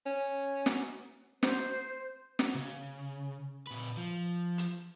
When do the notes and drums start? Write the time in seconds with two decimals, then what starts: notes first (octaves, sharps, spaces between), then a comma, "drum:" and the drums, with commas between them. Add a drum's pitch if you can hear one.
0.06 C#4
0.66 drum: snare
1.43 C5, drum: snare
2.39 drum: snare
2.54 C#3
3.67 A#2 B4
3.97 F3
4.58 drum: hi-hat